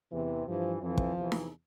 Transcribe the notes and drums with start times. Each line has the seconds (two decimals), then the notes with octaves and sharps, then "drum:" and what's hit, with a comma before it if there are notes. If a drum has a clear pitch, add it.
0.12 E2 C3 E3
0.46 G2 E3 F3
0.81 F2 E3 F3
0.98 drum: kick
1.15 E2 C3 E3
1.32 drum: snare D#4